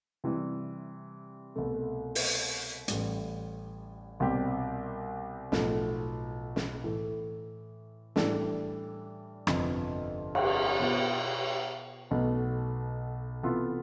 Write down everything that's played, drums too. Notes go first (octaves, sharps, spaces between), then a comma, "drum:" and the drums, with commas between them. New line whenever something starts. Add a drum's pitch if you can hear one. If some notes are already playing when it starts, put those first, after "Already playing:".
C3 E3 G3
C2 B2 A3
drum: open hi-hat
A1 A2 G3, drum: hi-hat
C2 B2 G3 C4 G4
B1 A2 F3 A3, drum: snare
drum: snare
A2 E3 A3
A2 E3 G3 D4 A4, drum: snare
G1 F2 C3 F3, drum: rim click
drum: cymbal
B2 B3 F4 C5
B1 B2 A3
C3 E3 B3 F4 A4